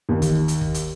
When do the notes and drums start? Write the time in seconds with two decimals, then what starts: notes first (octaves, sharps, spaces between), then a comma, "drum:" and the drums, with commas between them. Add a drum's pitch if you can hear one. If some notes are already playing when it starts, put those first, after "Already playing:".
0.09 D#2
0.22 drum: kick F#1, hi-hat
0.48 drum: hi-hat
0.61 drum: kick F#1
0.74 drum: hi-hat